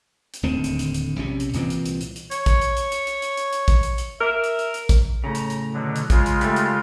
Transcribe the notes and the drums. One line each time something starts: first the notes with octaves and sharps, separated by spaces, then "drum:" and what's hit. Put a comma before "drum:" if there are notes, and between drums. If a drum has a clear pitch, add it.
drum: hi-hat
D1 D#2 D3 C4
drum: hi-hat
drum: hi-hat
drum: hi-hat
A#1 C3 C#4
drum: hi-hat
C2 A#2 E3 C4, drum: hi-hat
drum: hi-hat
drum: hi-hat
drum: hi-hat
drum: hi-hat
C#5, drum: hi-hat
drum: kick A1, hi-hat
drum: hi-hat
drum: hi-hat
drum: hi-hat
drum: hi-hat
drum: hi-hat
drum: hi-hat
drum: hi-hat
drum: kick A1, hi-hat
drum: hi-hat
drum: hi-hat
A#4 E5
drum: hi-hat
drum: hi-hat
drum: hi-hat
drum: kick A1, hi-hat
A2 C#3 A#5
drum: hi-hat
drum: hi-hat
B2 D3 F#3
drum: hi-hat
C#3 G#3 F4, drum: kick A1, hi-hat
drum: hi-hat
G3 A3, drum: hi-hat
drum: hi-hat